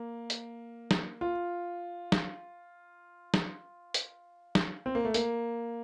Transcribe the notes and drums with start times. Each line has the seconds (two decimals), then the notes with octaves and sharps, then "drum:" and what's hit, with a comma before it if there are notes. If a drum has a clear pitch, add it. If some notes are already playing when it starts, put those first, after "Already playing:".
Already playing: A#3
0.30 drum: hi-hat
0.91 drum: snare
1.21 F4
2.12 drum: snare
3.34 drum: snare
3.94 drum: hi-hat
4.55 drum: snare
4.86 C4
4.95 A#3
5.05 A3
5.14 A#3, drum: hi-hat